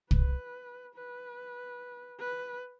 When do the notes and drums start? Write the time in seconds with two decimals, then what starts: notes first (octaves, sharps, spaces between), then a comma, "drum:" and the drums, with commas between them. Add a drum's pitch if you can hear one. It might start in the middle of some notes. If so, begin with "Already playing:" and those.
0.11 B4, drum: kick
0.95 B4
2.19 B4